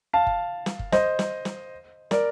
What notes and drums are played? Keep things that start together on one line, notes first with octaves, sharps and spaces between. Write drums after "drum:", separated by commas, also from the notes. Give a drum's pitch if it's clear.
F5 A5
drum: kick F#1
drum: snare
drum: kick F#1
C5 D#5, drum: snare
drum: snare
drum: snare
A#4 D5, drum: snare